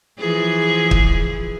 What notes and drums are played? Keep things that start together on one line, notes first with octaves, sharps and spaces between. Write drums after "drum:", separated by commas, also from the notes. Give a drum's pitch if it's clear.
E3 F3 G#4
drum: kick